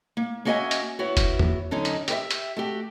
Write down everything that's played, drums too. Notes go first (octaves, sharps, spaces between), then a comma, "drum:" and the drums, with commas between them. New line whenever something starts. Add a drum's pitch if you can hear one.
A#3
A#3 C#4 F#4 D#5 E5 G#5
drum: hi-hat
B3 E4 F#4 C#5
drum: kick, hi-hat
drum: tom E2
F#2 D3 C#4 D#4
drum: hi-hat
G4 B4 E5, drum: hi-hat
drum: hi-hat
A3 F#4 G4